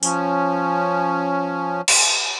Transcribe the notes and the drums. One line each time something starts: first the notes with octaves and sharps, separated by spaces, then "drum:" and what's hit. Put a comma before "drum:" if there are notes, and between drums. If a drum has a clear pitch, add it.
F3 C#4, drum: tambourine
drum: cymbal